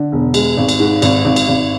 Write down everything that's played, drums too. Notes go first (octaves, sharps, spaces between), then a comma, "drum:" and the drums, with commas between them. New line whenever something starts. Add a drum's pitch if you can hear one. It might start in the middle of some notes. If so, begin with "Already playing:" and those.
Already playing: D3
E1
G#3, drum: cymbal
G#1
drum: cymbal
G#2
G#1, drum: cymbal
G#1
drum: cymbal
G#1